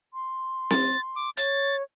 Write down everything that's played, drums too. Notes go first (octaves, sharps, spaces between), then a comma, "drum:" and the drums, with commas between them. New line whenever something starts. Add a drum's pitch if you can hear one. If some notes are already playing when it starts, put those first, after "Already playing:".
C6
A6, drum: snare C4
D6
C#5 A6, drum: hi-hat